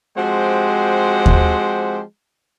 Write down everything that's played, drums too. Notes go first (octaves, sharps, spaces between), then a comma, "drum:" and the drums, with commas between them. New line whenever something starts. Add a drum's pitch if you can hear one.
F3 G#3 C4 F#4 G4 C5
drum: kick D#2